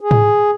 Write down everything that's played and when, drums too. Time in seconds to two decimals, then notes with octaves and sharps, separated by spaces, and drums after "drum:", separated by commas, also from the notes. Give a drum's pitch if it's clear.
0.01 G#4
0.11 drum: tom G#2